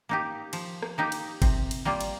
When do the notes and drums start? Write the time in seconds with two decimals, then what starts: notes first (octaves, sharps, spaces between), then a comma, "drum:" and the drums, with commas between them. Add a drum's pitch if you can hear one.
0.09 A#3 D#4 G4
0.53 F3, drum: cymbal
0.82 drum: rim click
0.98 A#3 D#4 G4
1.12 drum: cymbal
1.42 C3, drum: kick G1, cymbal
1.71 drum: cymbal
1.85 G3 A#3 F4
2.01 drum: cymbal